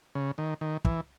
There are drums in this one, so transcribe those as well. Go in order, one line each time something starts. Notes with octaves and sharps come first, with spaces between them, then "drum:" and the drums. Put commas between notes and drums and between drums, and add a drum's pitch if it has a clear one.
C#3
D#3
D#3
E3, drum: kick